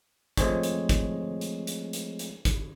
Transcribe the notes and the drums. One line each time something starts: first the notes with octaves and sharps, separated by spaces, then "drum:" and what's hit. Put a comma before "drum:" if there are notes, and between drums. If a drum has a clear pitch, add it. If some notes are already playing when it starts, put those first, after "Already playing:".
F3 G#3 A3 C4 G#4 C#5, drum: kick, hi-hat
drum: hi-hat
drum: kick, hi-hat
drum: hi-hat
drum: hi-hat
drum: hi-hat
drum: hi-hat
drum: kick, hi-hat